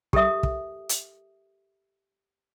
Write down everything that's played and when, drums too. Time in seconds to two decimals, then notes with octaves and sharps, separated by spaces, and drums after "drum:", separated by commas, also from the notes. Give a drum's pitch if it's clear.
0.13 G4 A4 A#4 E5 D#6, drum: kick
0.43 drum: kick
0.89 drum: hi-hat